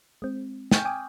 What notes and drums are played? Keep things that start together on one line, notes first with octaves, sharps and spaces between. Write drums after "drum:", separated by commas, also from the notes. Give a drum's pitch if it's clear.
G#3 C4
G5 G#5 C#6 F6 G6, drum: snare
G5 G#5 D6 D#6